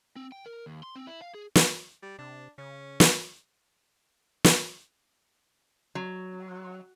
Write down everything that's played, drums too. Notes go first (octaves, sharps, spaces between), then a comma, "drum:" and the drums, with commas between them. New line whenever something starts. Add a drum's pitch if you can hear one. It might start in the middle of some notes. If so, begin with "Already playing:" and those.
C4
G5
A#4
D#2
C6
C4
E4
F5
G#4
drum: snare
G3
C3 D4
C#3 C#4
drum: snare
drum: snare
F#3